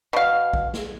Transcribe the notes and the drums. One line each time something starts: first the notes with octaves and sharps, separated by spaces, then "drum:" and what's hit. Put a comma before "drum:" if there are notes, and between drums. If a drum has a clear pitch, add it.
B2 F5
drum: kick A#1
drum: snare